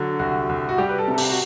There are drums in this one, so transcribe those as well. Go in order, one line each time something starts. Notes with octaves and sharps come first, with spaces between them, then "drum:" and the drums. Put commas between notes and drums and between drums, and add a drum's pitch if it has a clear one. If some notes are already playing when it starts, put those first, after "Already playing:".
Already playing: D3 F#3
C2 F#4
C2
F#4
G3 G4
B4
A4
C3
A4
G4, drum: open hi-hat
F#4